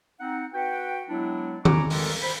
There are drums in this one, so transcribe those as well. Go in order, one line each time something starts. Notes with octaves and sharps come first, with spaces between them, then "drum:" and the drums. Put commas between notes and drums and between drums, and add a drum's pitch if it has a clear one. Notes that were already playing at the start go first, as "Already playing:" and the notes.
C4 D#4 F#5
F#4 B4 F#5 G5
F#3 G#3 B3 D4 E4
E4 G#5 A#5 C#6 D6, drum: tom D#3
D#3 E3 G3 G#3 A4 A#4, drum: open hi-hat
C5 B5